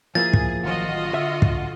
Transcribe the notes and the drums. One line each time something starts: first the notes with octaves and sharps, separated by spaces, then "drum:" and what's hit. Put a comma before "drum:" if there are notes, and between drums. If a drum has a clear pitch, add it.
F3 A#3 E4 G#4 A6
drum: kick
A1 D#3 F#3 F4 F#4 D#5
D3 E5
drum: kick